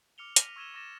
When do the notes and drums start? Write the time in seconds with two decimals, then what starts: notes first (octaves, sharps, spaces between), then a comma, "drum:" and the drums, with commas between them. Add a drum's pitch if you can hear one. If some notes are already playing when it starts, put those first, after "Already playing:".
0.18 D6 F6 C#7 F7 G7
0.36 F6 A#6 B6 D#7 F7, drum: hi-hat
0.56 C#6 E6 G#6 D#7 E7 G7
0.74 C#6 D6 A6 A#6 E7